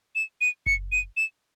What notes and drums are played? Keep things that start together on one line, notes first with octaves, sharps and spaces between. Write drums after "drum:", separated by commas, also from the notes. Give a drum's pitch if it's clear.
E7
D#7
C#7, drum: kick F#1
D#7
E7